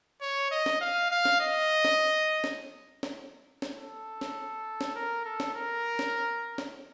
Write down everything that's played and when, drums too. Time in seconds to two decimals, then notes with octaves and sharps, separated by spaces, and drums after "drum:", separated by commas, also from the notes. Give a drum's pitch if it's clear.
0.21 C#5
0.51 D#5
0.66 drum: snare
0.81 F5
1.11 F5
1.25 drum: snare
1.40 D#5
1.85 drum: snare
2.44 drum: snare
3.03 drum: snare
3.62 drum: snare
3.77 A4
4.21 drum: snare
4.81 drum: snare
4.95 A#4
5.25 A4
5.40 drum: snare
5.55 A#4
5.99 drum: snare
6.58 drum: snare